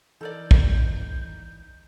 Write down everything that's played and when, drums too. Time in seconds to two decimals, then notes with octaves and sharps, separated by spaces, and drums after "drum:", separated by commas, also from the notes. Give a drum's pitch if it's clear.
0.21 E3 D#4 A4 A#4 D5 G6
0.51 drum: kick